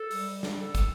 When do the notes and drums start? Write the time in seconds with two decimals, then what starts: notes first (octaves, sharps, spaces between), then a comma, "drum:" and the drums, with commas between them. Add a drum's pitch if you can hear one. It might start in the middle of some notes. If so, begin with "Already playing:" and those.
Already playing: A4
0.11 G3, drum: open hi-hat
0.43 drum: snare
0.59 A4
0.75 drum: kick, hi-hat